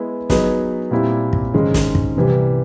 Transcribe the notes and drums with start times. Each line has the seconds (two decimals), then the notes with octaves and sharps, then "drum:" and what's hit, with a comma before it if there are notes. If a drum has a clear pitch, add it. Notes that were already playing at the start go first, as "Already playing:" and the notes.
Already playing: G#3 B3 E4
0.30 F#3 B3 D#4 G#4 B4, drum: snare
0.91 A#2 G3 C4 E4
1.33 drum: kick
1.53 G#2 D#3 G#3 C#4
1.74 drum: snare
1.95 drum: kick
2.16 C2 C3 E3 G3